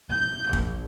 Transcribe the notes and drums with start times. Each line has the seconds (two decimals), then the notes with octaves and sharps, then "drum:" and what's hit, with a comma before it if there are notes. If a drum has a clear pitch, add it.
0.11 G6
0.53 A#1, drum: kick